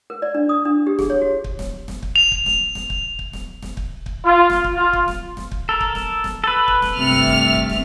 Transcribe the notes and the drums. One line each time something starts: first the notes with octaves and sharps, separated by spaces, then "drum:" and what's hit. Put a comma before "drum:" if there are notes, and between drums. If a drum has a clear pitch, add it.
A#4
D5
D4
D#6
D4
G4
G#4, drum: snare
C#5
F#4
drum: kick
drum: snare
drum: snare
drum: kick
F7
drum: kick
drum: snare
drum: snare
drum: kick
drum: kick
drum: snare
drum: snare
drum: kick
drum: kick
F4
drum: snare
drum: kick
F4
drum: kick
drum: snare
drum: snare
drum: kick
A4 A#4
drum: kick
drum: snare
drum: snare
A4 B4
drum: kick
drum: snare
G2 C3 A3 F6 F7
drum: snare
drum: kick
drum: kick
drum: snare